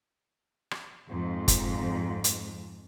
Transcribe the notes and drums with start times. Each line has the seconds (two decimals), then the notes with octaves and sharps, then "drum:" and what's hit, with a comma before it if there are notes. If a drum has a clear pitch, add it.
0.71 drum: rim click
1.10 F2 G#2
1.48 drum: kick, hi-hat
2.24 drum: hi-hat